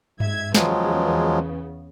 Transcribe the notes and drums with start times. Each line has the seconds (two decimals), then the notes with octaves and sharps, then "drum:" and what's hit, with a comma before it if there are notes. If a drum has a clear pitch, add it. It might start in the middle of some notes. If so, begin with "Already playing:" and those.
0.20 G#2 E5 G#6, drum: tom G2
0.55 E2 C#3 F3 F#3 G#3 B3, drum: snare